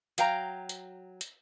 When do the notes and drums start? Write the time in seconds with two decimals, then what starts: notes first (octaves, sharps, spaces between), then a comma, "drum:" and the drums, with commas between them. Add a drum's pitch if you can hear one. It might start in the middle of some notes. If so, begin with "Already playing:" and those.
0.18 F#3 F5 G5 A#5, drum: hi-hat
0.69 drum: hi-hat
1.21 drum: hi-hat